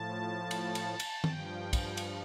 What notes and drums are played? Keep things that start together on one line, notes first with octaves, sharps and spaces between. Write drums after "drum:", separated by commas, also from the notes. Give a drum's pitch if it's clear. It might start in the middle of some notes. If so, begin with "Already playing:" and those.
Already playing: A2 F3 A5
drum: cymbal
drum: cymbal
drum: cymbal
G2 F3 G5, drum: tom D#3
drum: kick, cymbal
drum: cymbal